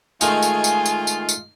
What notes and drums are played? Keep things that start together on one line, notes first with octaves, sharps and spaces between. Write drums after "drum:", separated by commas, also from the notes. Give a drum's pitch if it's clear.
D#3 G#3 A3 D#4 F4 G#5, drum: tambourine
drum: tambourine
drum: tambourine
drum: tambourine
drum: tambourine
drum: tambourine